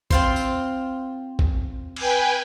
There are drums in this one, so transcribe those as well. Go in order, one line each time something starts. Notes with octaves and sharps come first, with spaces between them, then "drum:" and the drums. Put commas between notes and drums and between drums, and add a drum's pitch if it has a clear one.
C4 F4 C5, drum: kick
drum: tambourine
drum: kick
B4 G5 G#5, drum: cymbal